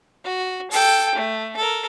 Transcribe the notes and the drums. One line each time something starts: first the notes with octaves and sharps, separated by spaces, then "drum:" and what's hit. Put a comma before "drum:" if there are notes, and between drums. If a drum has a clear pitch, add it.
F#4
A4 G5, drum: open hi-hat
A3
A4 A#4